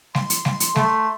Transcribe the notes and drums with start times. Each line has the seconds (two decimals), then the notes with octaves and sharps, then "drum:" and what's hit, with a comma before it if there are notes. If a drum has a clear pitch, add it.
0.15 C6, drum: snare
0.30 drum: hi-hat
0.45 drum: snare
0.60 drum: hi-hat
0.76 A3, drum: snare